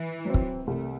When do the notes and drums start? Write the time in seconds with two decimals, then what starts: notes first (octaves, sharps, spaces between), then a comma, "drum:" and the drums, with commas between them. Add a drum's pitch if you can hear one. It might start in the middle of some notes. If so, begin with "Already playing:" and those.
Already playing: E3
0.25 F#3 C4
0.34 drum: kick
0.67 C2 A3